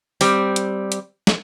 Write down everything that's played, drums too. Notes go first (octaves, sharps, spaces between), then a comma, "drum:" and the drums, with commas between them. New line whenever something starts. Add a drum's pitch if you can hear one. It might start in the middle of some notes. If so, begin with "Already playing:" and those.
G3 C4, drum: open hi-hat
drum: hi-hat
drum: hi-hat
drum: snare